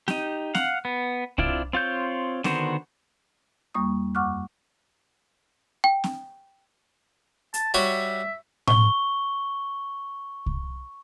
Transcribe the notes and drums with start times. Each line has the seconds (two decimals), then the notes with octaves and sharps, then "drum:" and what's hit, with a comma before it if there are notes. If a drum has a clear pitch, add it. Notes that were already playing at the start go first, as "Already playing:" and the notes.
0.08 D#4 G4, drum: snare C4
0.55 F5 F#5, drum: snare C4
0.85 B3
1.38 C4 D4 E4 F4 D5, drum: kick C2
1.73 C4 F4 C#5 G6
2.44 D3 D#3 B3 F#4 C5, drum: snare C4
3.74 E2 G3 A#3 C#6 D#6
4.15 F#2 F#5 C#6 D6 F6 F#6
5.84 G5
6.04 drum: snare C4
7.54 A5, drum: hi-hat
7.74 G3 F#4 C#5 E5
8.67 C#6 G7, drum: tom A2
10.46 drum: kick C2